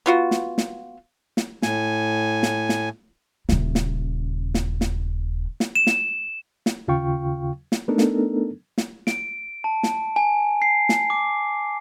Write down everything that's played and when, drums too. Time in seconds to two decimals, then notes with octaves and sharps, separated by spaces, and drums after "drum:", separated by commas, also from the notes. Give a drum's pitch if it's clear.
0.06 B3 F4 F#4
0.31 drum: snare
0.58 drum: snare
1.37 drum: snare
1.62 A2 G#5, drum: snare
2.43 drum: snare
2.69 drum: snare
3.49 D#1 C#3, drum: snare
3.75 drum: snare
4.54 drum: snare
4.81 drum: snare
5.60 drum: snare
5.75 E7
5.87 drum: snare
6.66 drum: snare
6.88 D#2 C#3 F4 F5 G5 C#6
7.72 drum: snare
7.88 A3 B3 D4 D#4 A4 A#4
7.98 drum: snare
8.78 drum: snare
9.07 D7, drum: snare
9.64 A5
9.83 drum: snare
10.16 G#5
10.62 C7
10.89 drum: snare
11.10 D6